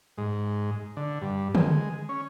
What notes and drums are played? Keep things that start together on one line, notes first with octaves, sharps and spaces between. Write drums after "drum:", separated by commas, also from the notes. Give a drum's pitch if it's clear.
G#2
D3
G2
G#3, drum: tom D3
C#4